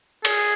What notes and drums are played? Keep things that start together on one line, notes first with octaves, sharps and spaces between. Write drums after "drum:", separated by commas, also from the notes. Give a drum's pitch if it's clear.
G#4, drum: cymbal